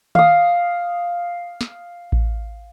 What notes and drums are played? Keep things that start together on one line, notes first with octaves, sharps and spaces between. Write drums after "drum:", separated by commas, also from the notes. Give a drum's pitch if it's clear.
F5 D#6, drum: tom D#3
drum: snare
drum: kick A1